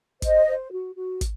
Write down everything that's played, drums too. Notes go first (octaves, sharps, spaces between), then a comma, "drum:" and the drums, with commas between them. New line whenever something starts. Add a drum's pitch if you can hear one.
C5 D#5, drum: kick, hi-hat
C5
F#4
F#4
drum: kick, hi-hat